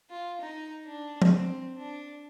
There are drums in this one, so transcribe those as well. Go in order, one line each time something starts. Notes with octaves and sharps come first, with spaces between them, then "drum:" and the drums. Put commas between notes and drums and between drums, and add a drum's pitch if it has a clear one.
F4
D#4
D4
drum: tom F3
C4
D4